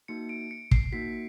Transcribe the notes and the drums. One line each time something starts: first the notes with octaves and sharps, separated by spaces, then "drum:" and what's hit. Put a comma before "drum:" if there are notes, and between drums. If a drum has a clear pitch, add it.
A#3 D#4 F#4 C#7
D7
C#7
C7, drum: kick
A#3 D#4 F#4 B6